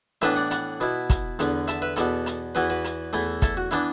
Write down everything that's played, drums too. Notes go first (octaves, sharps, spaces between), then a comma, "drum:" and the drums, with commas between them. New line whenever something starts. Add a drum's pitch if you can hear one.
A2 E3 B3 D4 B4 E5, drum: hi-hat
D5 F#5
D5 F#5, drum: hi-hat
B2 B3 E4
drum: kick, hi-hat
E2 D3 B3, drum: hi-hat
E5 A5, drum: hi-hat
B4 E5
E2 B2 B3 A4 D5, drum: hi-hat
drum: hi-hat
E2 E3 B3 E4 F#4 B4
F#4 B4
drum: hi-hat
E2 E3 A3 E4
E4 A4, drum: kick, hi-hat
F#4
E3 B3 D4 E4, drum: hi-hat